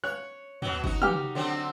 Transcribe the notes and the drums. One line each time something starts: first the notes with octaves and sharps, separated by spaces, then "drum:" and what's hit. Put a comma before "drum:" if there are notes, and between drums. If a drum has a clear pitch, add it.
C#5 F#6
B2 F#3, drum: tom
D#4 F#4, drum: kick
G4 F6, drum: tom
D3 F#3 C4